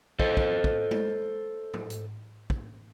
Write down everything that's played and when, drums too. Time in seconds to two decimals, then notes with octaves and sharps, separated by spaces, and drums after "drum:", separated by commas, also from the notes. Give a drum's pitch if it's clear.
0.20 A4 C5 D#5, drum: kick
0.37 drum: kick
0.64 drum: kick
0.91 drum: tom G#3
1.74 drum: tom
1.90 drum: hi-hat
2.50 drum: kick